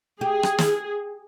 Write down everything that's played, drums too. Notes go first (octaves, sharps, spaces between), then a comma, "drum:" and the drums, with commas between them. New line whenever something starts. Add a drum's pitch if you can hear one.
G4 G#4
drum: rim click
drum: snare